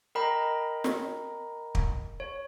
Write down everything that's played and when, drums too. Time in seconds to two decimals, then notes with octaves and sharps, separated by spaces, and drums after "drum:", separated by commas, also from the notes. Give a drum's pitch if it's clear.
0.15 A#4 D#5 G5 A#5 B5
0.84 drum: snare
1.75 drum: kick
2.20 C#5